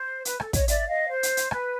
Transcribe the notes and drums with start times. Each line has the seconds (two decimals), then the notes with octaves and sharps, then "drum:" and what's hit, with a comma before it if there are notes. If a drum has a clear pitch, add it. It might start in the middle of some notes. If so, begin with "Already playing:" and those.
Already playing: C5
0.25 B4, drum: hi-hat
0.40 A4, drum: rim click
0.53 C#5 D#5, drum: kick, hi-hat
0.68 D5 E5, drum: hi-hat
0.88 D#5 F5
1.09 C5
1.23 drum: hi-hat
1.37 drum: hi-hat
1.51 B4, drum: rim click